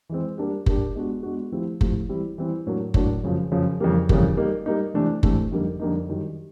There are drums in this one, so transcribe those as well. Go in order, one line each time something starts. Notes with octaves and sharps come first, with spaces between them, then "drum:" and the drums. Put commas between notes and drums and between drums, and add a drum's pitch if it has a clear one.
E3 G#3 C4
G3 A#3 D4 G4
G3 A#3 D4 G4, drum: kick F#1
G#3 B3 D4 F#4
G#3 B3 D4 F#4
F3 A3 C4 E4 G4
F3 A3 C4 E4 G4, drum: kick F#1
E3 G3 C4 E4
E3 G3 C4 E4
A2 F#3 A#3 D4
A2 F#3 A#3 D4, drum: kick F#1
F#2 C#3 F3
F#2 C#3 F3
F2 C#3 E3 G3 A#3
F2 C#3 E3 G3 A#3, drum: kick F#1
G3 A#3 D#4
G3 A#3 D#4
C3 E3 A3 D4
C3 E3 A3 D4, drum: kick F#1
F2 D3 G3 A#3 D#4
F2 D3 G3 A#3 D#4
F#2 D#3 G3